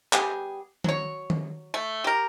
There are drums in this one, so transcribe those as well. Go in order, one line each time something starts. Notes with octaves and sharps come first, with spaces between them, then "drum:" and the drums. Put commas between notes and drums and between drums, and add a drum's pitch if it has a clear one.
G3 B3 G4 G#4, drum: clap
F#3 C#5, drum: tom D#3
drum: tom D#3
A3
G4 A#4